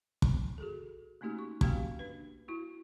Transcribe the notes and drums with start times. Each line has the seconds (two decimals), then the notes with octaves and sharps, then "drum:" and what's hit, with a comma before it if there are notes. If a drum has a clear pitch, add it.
0.22 drum: kick
0.58 F#4 G#4 A4
1.21 A3 A#3 C#4 D#4 F#4 G4
1.39 C#6
1.61 A#3 C#4 F#4 G4 F5 G5, drum: kick
1.99 D4 B4
2.48 E4 F#4